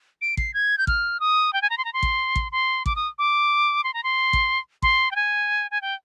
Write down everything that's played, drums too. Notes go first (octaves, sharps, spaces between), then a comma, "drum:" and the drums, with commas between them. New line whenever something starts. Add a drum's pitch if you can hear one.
D7
C7, drum: kick
G#6
G6
F6, drum: kick
D#6
G5
G#5
A#5
C6
A#5
C6
drum: kick
drum: kick
C6
D6, drum: kick
D#6
D6
C6
A#5
C6
drum: kick
C6, drum: kick
G5
G#5
G#5
G5